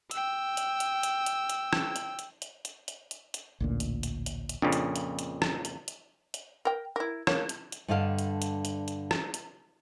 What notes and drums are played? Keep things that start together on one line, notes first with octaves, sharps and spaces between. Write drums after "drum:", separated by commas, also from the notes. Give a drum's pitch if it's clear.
G5 E6, drum: hi-hat
drum: hi-hat
drum: hi-hat
drum: hi-hat
drum: hi-hat
drum: hi-hat
drum: rim click
drum: hi-hat
drum: hi-hat
drum: hi-hat
drum: hi-hat
drum: hi-hat
drum: hi-hat
drum: hi-hat
A1 D2 A#2
drum: hi-hat
drum: hi-hat
drum: hi-hat
drum: hi-hat
F2 A#2 C#3 D4
drum: hi-hat
drum: hi-hat
drum: hi-hat
drum: rim click
drum: hi-hat
drum: hi-hat
drum: hi-hat
A#4 G5
E4 A#4
A#3 C#5, drum: rim click
drum: hi-hat
drum: hi-hat
G2 D3 D5 D#5 F5 A5
drum: hi-hat
drum: hi-hat
drum: hi-hat
drum: hi-hat
drum: rim click
drum: hi-hat